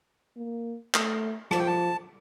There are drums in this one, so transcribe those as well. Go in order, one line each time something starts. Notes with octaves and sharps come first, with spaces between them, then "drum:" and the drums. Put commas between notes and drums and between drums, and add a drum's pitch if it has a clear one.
A#3
A3, drum: clap
F3 A5, drum: rim click
G5
A5